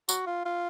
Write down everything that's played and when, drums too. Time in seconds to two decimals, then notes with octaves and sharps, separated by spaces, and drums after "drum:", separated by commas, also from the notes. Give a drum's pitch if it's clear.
0.09 F#4, drum: tambourine
0.26 F4
0.45 F4